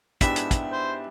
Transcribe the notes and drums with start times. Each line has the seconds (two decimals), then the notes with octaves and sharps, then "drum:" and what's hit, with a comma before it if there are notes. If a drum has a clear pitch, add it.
0.21 G#2 B3 D4 E4 G4 E5 G#5, drum: kick, hi-hat
0.36 drum: hi-hat
0.51 drum: kick, hi-hat
0.72 C5